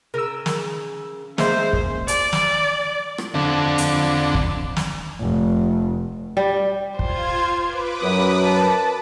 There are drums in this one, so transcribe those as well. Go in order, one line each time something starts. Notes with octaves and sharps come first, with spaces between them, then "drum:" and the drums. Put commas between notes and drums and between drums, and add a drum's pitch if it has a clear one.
C#3 A#4 E6
drum: snare
G#3 A#3 C#4 C5 E5, drum: snare
drum: kick
D5, drum: hi-hat
drum: snare
drum: rim click
D3 C4 A4
drum: hi-hat
drum: kick
drum: snare
F1
G3
F4 C5 G#6, drum: kick
B4 D6
F#2 D#6
A5